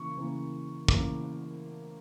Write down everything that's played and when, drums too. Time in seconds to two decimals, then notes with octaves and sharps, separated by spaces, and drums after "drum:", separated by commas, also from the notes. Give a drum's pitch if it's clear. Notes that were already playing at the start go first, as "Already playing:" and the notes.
Already playing: C#3 E3 A#3 C#6
0.17 C#3 E3 A#3
0.89 C#3 E3 A#3 D6, drum: kick